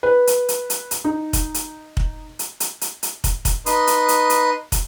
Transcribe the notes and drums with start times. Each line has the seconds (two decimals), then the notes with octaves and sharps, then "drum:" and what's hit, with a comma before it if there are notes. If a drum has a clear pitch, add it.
0.03 B4
0.27 drum: hi-hat
0.49 drum: hi-hat
0.70 drum: hi-hat
0.91 drum: hi-hat
1.04 D#4
1.33 drum: kick, hi-hat
1.54 drum: hi-hat
1.97 drum: kick
2.39 drum: hi-hat
2.60 drum: hi-hat
2.81 drum: hi-hat
3.03 drum: hi-hat
3.24 drum: kick, hi-hat
3.45 drum: kick, hi-hat
3.66 D#4 B4 C6 D#6, drum: hi-hat
3.87 drum: hi-hat
4.08 drum: hi-hat
4.30 drum: hi-hat
4.72 drum: kick, hi-hat